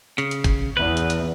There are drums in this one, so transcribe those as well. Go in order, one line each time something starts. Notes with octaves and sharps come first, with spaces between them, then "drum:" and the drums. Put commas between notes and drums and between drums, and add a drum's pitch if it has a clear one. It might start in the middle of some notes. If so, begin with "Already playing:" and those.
C#3, drum: hi-hat
drum: hi-hat
drum: kick, hi-hat
E2 B4
drum: hi-hat
drum: hi-hat